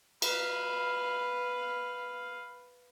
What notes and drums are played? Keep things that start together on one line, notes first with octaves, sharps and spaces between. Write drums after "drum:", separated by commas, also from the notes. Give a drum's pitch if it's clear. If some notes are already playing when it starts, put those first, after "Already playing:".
B4 F5, drum: cymbal